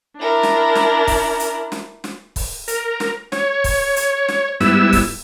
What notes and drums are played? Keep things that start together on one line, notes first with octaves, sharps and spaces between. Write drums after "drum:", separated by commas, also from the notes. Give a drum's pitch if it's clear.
D4 E4 A#4
drum: snare
drum: snare
drum: kick, open hi-hat
drum: hi-hat
drum: snare
drum: snare
drum: kick, open hi-hat
A#4, drum: hi-hat
drum: snare
C#5, drum: snare
drum: kick, open hi-hat
drum: hi-hat
drum: snare
G#2 G3 B3 E4 E6, drum: snare
drum: kick, open hi-hat